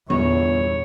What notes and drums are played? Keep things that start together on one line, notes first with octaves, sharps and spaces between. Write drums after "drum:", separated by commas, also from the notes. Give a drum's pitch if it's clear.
G1 E2 A#2 C#5, drum: tom G3